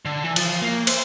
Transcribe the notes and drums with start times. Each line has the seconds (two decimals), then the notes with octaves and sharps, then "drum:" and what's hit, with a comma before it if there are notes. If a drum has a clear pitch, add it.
0.05 D3
0.24 E3
0.36 F3, drum: cymbal
0.62 A#3
0.87 C5, drum: cymbal